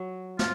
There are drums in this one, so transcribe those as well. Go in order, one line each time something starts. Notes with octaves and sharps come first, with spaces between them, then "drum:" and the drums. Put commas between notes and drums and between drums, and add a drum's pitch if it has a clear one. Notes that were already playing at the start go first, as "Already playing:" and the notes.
Already playing: F#3
F4, drum: snare